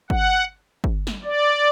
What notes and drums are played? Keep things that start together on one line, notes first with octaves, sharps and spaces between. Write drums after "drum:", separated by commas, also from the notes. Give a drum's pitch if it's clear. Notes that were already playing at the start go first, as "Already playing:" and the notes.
F#5, drum: kick
drum: kick
drum: snare
D5